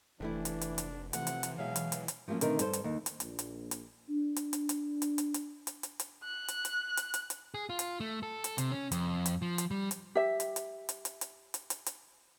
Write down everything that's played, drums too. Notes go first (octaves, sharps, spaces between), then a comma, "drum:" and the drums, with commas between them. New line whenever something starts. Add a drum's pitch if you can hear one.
F1 C3 E3 A3 D4 E4
drum: hi-hat
drum: hi-hat
drum: hi-hat
C3 E3 F3 A3 F#5, drum: hi-hat
drum: hi-hat
drum: hi-hat
B2 F#3 G#3 E5 F5
drum: hi-hat
drum: hi-hat
drum: hi-hat
F3 F#3 A3 A#3 C#4
B2 D3 D#3 A3 C4 A#4, drum: hi-hat
G2 A4 C5, drum: hi-hat
drum: hi-hat
D#2
drum: hi-hat
A#1, drum: hi-hat
drum: hi-hat
drum: hi-hat
D4
drum: hi-hat
drum: hi-hat
drum: hi-hat
drum: hi-hat
drum: hi-hat
drum: hi-hat
drum: hi-hat
drum: hi-hat
drum: hi-hat
F#6
drum: hi-hat
drum: hi-hat
drum: hi-hat
drum: hi-hat
drum: hi-hat
G#4
F4
drum: hi-hat
A3
A4
drum: hi-hat
C3, drum: hi-hat
C#4
F2, drum: hi-hat
drum: hi-hat
F3
drum: hi-hat
G3
drum: hi-hat
G4 E5
drum: hi-hat
drum: hi-hat
drum: hi-hat
drum: hi-hat
drum: hi-hat
drum: hi-hat
drum: hi-hat
drum: hi-hat